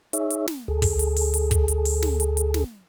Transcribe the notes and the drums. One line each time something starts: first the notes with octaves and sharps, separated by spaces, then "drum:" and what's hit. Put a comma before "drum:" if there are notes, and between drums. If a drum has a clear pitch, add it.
D#4 G#4 C#5 E5, drum: hi-hat
drum: hi-hat
drum: snare
D2 G#4 A4
drum: kick, open hi-hat
drum: hi-hat
drum: open hi-hat
drum: hi-hat
drum: kick, hi-hat
drum: hi-hat
drum: open hi-hat
drum: snare
drum: hi-hat
drum: hi-hat
drum: snare